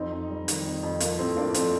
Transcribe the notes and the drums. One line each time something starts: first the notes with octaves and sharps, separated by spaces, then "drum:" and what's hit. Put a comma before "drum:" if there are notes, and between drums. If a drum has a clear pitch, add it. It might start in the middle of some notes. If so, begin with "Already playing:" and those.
Already playing: F2 C4 D#4
F2
G3
D#3, drum: hi-hat
F2
F2
F3 A#3, drum: hi-hat
A2 A3 C4
A2 A#3 D4
F3 A3 C4, drum: hi-hat